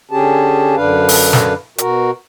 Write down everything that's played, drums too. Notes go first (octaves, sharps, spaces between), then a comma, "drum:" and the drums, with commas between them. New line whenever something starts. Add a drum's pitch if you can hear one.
D3 C#4 G4 G#4 A5
F#2 D3 D4 B4 F5
drum: open hi-hat
drum: snare
B2 F#4 A#4, drum: hi-hat